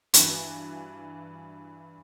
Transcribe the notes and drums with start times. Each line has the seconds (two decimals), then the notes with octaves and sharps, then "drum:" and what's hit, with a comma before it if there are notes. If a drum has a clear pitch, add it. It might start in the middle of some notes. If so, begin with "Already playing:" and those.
0.14 G2 E3 F#4, drum: hi-hat